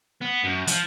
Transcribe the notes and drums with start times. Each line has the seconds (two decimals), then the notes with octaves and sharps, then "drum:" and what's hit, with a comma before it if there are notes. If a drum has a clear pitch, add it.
0.22 B3
0.44 F#2
0.67 F3, drum: hi-hat